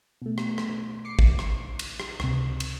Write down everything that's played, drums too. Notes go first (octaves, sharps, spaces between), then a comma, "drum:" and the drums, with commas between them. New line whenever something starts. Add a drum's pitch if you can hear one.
B2 A3
drum: rim click
drum: rim click
D6 C7 C#7
drum: kick G#1
drum: rim click
drum: cymbal
drum: rim click
C#2 C3, drum: rim click
drum: cymbal